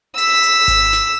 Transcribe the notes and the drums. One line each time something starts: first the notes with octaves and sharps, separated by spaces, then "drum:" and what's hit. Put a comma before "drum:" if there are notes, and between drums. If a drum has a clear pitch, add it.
E6 B6, drum: hi-hat
drum: hi-hat
drum: kick G#1, hi-hat
drum: snare